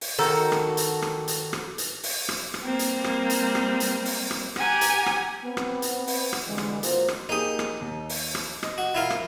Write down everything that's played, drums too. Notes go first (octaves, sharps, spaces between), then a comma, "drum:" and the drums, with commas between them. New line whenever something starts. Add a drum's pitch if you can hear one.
drum: open hi-hat
D#3 F#4 A4
drum: rim click
drum: hi-hat
drum: rim click
drum: hi-hat
drum: rim click
drum: hi-hat
drum: open hi-hat
drum: rim click
drum: rim click
G3 A#3 C4
drum: hi-hat
drum: rim click
drum: hi-hat
drum: rim click
drum: hi-hat
drum: open hi-hat
drum: rim click
G4 F#5 G#5 A#5, drum: rim click
drum: hi-hat
drum: rim click
B3 C4
drum: rim click
drum: hi-hat
drum: open hi-hat
drum: rim click
D3 E3 G3 G#3
drum: rim click
D#2 A#3 F4 F#4 C5, drum: hi-hat
drum: rim click
A#3 D#4 G4 G#4 D#6
drum: rim click
D#2
drum: open hi-hat
drum: rim click
D#5, drum: rim click
F#4
E4 F4 A#4
drum: rim click